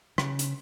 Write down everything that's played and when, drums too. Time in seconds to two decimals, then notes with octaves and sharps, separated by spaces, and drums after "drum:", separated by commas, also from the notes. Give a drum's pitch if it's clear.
0.18 C#3, drum: rim click
0.39 drum: hi-hat